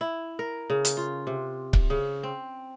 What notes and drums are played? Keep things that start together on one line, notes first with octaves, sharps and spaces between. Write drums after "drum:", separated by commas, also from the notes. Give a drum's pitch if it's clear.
E4
A#4
C#3
drum: hi-hat
F4
C3
drum: kick C#1
C#3
C4